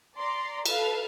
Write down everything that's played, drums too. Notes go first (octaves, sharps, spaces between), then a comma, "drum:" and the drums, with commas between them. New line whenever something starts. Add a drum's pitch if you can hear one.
D5 A#5 C6
A4 B4 F5, drum: cymbal